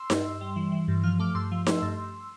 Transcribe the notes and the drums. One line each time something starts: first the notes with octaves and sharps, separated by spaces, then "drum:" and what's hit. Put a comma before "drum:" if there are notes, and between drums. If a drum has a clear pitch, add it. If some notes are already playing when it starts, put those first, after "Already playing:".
Already playing: C6 E6
G2, drum: snare D#4
G2
G3
E3
E3
G2
F3 F6
A3 D6 F6
G2 C6 E6
F3
A3 C6 E6, drum: snare D#4
G2
G2